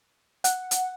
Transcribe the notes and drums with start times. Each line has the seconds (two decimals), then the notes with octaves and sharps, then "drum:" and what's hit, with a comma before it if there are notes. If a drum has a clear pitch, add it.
0.44 F#5, drum: hi-hat
0.71 drum: hi-hat